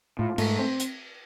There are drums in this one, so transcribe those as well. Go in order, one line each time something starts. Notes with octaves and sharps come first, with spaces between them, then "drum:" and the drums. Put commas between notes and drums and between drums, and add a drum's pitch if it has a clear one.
A2 F4
G#2 A3, drum: cymbal
C4
drum: hi-hat